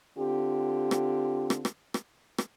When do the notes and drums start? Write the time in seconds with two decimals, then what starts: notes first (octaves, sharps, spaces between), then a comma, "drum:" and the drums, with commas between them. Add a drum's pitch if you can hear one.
0.18 D3 C4 F4 G4
0.91 drum: rim click
1.50 drum: rim click
1.65 drum: rim click
1.94 drum: rim click
2.38 drum: rim click